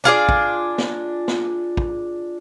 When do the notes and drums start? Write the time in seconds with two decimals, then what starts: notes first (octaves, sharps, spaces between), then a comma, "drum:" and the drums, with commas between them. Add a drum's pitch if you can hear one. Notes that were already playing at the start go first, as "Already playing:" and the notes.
0.04 D4 F4 G#4 D5
0.29 drum: kick
0.78 drum: snare
1.28 drum: snare
1.77 drum: kick